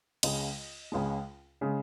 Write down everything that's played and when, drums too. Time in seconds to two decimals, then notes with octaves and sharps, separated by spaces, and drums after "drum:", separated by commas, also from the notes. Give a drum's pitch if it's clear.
0.23 C#2 C#3 G#3 D#5, drum: cymbal
0.92 C#2 C#3 G#3
1.61 C#3 G#3